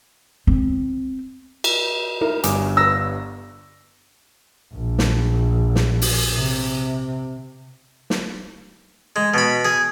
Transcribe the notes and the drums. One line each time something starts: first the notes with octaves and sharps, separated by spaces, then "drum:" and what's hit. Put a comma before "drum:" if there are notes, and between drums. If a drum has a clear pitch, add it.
C4
drum: cymbal
D#4 E4 A#4
G1 G2 G#5 D6 D#6, drum: hi-hat
B4 A#5 E6 A#6
A#1
drum: snare
drum: snare
drum: open hi-hat
C3
drum: snare
G#3
B2 B5
G#4